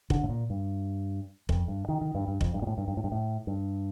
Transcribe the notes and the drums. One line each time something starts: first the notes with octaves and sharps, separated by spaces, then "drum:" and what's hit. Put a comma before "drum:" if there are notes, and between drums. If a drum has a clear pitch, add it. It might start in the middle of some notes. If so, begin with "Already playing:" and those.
D3, drum: kick F1
A2
A#2
G2
F2, drum: kick F1
G2
D#3
D#3
G2
G2
F2, drum: kick F1
G2
A#2
A2
G2
G2
A2
G2
A2
G2